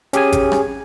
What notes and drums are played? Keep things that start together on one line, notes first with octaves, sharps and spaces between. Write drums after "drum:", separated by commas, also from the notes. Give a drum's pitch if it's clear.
C#4 G4 G#4 G#5, drum: hi-hat
drum: kick G#1, hi-hat
drum: rim click